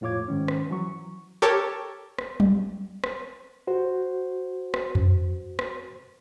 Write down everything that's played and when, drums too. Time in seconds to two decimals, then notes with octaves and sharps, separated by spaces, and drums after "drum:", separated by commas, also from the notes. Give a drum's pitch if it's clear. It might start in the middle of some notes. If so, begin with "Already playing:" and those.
0.01 F2 A2 F4 C#5 D6 G#6
0.28 G#2 D#3 C#4
0.48 drum: rim click
0.70 E3 F#3 C#6
1.42 G4 A4 A#4 C#5 G5 A5
2.19 drum: rim click
2.40 drum: tom F#3
3.04 drum: rim click
3.67 F#4 C5
4.74 drum: rim click
4.95 drum: tom F2
5.59 drum: rim click